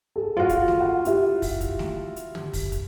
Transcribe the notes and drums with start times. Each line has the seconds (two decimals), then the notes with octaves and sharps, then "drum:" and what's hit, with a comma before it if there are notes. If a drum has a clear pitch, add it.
0.16 G#4 A4
0.37 F4 F#4
0.49 drum: kick, hi-hat
0.68 drum: snare
0.80 F#5
1.05 E4 G4 E5, drum: hi-hat
1.42 drum: kick, open hi-hat
1.61 drum: kick, hi-hat
1.79 drum: snare
2.16 drum: hi-hat
2.35 drum: tom
2.53 drum: kick, open hi-hat
2.72 drum: kick, hi-hat